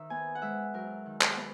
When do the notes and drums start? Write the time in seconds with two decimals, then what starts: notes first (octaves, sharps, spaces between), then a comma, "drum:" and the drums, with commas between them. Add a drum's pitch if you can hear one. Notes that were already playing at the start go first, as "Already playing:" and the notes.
Already playing: D#3 E5
0.10 B3 G#5
0.35 F#5
0.42 G#3 E5
0.74 F#2 A#4
1.06 D#3
1.21 drum: clap
1.37 B3